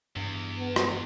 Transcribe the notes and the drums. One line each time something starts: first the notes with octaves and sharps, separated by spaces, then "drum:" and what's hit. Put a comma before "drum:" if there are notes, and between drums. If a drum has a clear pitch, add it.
E2 G2
B3
drum: rim click